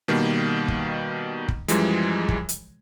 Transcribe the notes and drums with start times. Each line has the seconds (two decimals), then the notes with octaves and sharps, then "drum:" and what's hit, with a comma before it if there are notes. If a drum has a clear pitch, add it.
0.08 B2 D#3 G3 A#3
0.68 drum: kick
1.48 drum: kick
1.68 F#2 E3 F3 G3 G#3, drum: hi-hat
2.29 drum: kick
2.49 drum: hi-hat